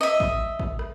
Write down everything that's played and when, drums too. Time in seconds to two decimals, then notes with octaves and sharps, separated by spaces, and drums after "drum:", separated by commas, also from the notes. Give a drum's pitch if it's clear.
0.01 D#5 E5
0.20 drum: kick A1
0.60 drum: kick A1
0.79 drum: rim click